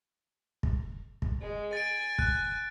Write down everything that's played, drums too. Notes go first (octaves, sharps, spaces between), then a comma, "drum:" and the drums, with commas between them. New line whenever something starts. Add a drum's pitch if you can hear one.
drum: kick
drum: kick
G#3
G#5 A6 D7
F#6, drum: kick